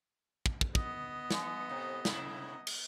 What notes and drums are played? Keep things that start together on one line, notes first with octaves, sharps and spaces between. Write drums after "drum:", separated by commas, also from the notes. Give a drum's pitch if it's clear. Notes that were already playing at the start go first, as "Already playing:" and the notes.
drum: kick
drum: kick
B3 D#5, drum: kick
E3, drum: snare
A2 C3
A2 C3 E4, drum: snare
drum: cymbal